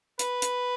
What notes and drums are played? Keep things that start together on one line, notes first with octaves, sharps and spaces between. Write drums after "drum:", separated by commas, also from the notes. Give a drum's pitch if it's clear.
B4, drum: hi-hat
drum: hi-hat